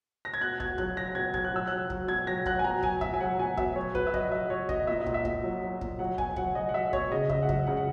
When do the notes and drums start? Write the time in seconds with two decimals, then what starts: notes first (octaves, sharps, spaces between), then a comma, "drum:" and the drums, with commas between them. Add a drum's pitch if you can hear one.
0.25 A#6
0.34 G#6
0.41 B2 F#6
0.60 B2 G#6, drum: kick
0.78 F#3 F#6, drum: kick
0.97 F#3 A#6
1.15 B2 G#6
1.34 F#3 G#6, drum: kick
1.45 F#6
1.53 F#3 E6
1.67 F#3 F#6
1.90 F#3, drum: kick
2.08 B2 G#6
2.27 F#3 A#6
2.46 F#3 F#6, drum: kick
2.59 G#5
2.64 B2 A#5
2.83 F#3 G#5, drum: kick
3.01 B2 E5, drum: kick
3.14 G#5
3.20 F#3 F#5
3.39 B2 G#5
3.57 B2 E5, drum: kick
3.76 F#3 C#5
3.95 B2 B4, drum: kick
4.07 E5
4.14 F#3 D#5, drum: kick
4.31 F#3 E5
4.50 F#3 C#5
4.69 B2 D#5, drum: kick
4.87 A#2 E5
5.00 D#5
5.06 A#2, drum: kick
5.14 E5
5.25 A#2, drum: kick
5.43 F#3
5.62 F#3
5.81 A#2, drum: kick
5.99 F#3 F#5
6.18 B2 G#5, drum: kick
6.36 F#3 F#5, drum: kick
6.55 F#3 D#5
6.69 F#5
6.74 F#3 E5
6.93 B2 C#5, drum: kick
7.12 C#3 D#5
7.29 C#3 E5, drum: kick
7.42 F#5
7.49 F#3 E5, drum: kick
7.67 C#3 F#5
7.77 F#5